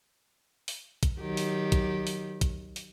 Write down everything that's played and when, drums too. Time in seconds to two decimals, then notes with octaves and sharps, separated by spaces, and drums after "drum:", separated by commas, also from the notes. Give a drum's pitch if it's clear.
0.68 drum: open hi-hat
1.03 drum: kick, hi-hat
1.20 D#3 F#3 G4
1.37 drum: open hi-hat
1.72 drum: kick, hi-hat
2.07 drum: open hi-hat
2.41 drum: kick, hi-hat
2.76 drum: open hi-hat